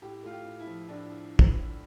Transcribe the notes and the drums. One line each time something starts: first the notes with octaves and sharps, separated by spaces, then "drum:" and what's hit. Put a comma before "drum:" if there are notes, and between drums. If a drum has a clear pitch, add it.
A2 G4
A3 F4
G4
A2
E4
F3
A2 D4
drum: kick